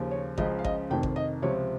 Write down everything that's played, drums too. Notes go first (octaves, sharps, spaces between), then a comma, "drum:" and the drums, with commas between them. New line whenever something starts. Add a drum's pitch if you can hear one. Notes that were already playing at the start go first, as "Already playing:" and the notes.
Already playing: D#2 C#3 F3
C#5
C#2 C#3 F3 D#5, drum: kick G#1
F5
D#5, drum: kick G#1
F1 F2 D#3 G5
drum: kick G#1
D#5
C#2 C3 F3 C#5